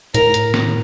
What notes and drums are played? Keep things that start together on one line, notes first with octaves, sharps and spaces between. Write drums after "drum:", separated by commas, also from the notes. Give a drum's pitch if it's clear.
A2 A#4, drum: hi-hat
drum: hi-hat
drum: snare